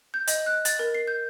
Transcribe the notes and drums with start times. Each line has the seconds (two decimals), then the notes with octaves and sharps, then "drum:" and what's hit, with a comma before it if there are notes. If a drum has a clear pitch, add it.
0.14 G6
0.27 D#5, drum: hi-hat
0.46 F#6
0.65 A6, drum: hi-hat
0.79 A#4
0.94 C7
1.07 G6